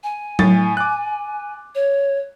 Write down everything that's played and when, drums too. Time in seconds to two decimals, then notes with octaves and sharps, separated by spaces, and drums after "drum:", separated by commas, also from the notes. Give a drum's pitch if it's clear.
0.03 G#5
0.39 A2 A6, drum: tom F#3
0.77 D6 F#6
1.75 C#5